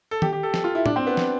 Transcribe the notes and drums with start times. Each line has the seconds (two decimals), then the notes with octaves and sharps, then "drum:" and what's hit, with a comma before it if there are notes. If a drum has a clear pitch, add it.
0.11 A4
0.22 G4, drum: tom D#3
0.33 G4
0.43 A4
0.54 drum: snare
0.64 F4
0.75 E4
0.86 D4, drum: tom
0.96 C4
1.07 B3
1.17 drum: snare